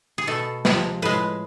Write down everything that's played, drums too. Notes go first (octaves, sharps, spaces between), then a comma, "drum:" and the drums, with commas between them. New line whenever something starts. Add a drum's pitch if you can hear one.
G#4
B2 A3 A4
C3 F3 G#3, drum: snare
A2 G#3 B4